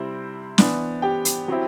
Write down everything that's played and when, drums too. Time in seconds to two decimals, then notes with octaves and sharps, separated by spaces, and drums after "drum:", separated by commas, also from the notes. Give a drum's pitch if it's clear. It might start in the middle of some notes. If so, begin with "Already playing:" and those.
Already playing: C3 G3 C4 E4 C5
0.58 E3 B3 D4, drum: snare
1.02 G4 G5
1.25 drum: hi-hat
1.48 F#3 C4 E4